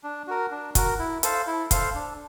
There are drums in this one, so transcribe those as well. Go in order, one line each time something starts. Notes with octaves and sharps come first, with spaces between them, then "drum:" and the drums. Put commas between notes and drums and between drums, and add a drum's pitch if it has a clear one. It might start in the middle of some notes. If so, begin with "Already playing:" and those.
D4
F#4 A#4
D4
F#4 A#4, drum: kick, hi-hat
E4
A4 C5 F5, drum: hi-hat
E4
A4 C5 F5, drum: kick, hi-hat
D4